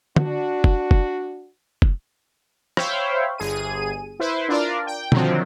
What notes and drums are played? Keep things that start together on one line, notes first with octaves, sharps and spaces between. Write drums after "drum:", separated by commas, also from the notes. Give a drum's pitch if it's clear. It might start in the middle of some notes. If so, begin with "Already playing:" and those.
D4 F#4, drum: tom
drum: kick
drum: kick
drum: kick
C5 C#5 E5 F5 G5 B5, drum: rim click
G1 G#4 D#7
E4 B4 C5
D4 F4 A#4 D5
G5
D3 D#3 F3 F#3 C4, drum: tom